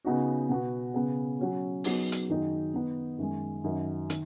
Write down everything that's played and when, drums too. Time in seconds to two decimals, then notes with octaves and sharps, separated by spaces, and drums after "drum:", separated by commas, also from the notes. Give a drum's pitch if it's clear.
0.04 C#3 B3 D#4 F#4
0.49 B2 B3 F#4
0.94 C#3 B3 G#4
1.39 F#3 C#4 F#4
1.84 F#3 B3 D#4 G#4, drum: open hi-hat
2.12 drum: hi-hat
2.29 F#2 D#3 F#3 D#4 G#4
2.74 D#3 B3 D#4
3.19 F#2 D#3 G#3
3.64 F#2 D#3 F#3 D#4
4.10 D#3, drum: hi-hat